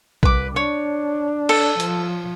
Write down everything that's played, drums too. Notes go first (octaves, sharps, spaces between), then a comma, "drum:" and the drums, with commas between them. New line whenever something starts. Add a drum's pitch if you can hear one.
C2 B4 D6, drum: kick A#1
D4 C#5
A4, drum: cymbal
F3, drum: hi-hat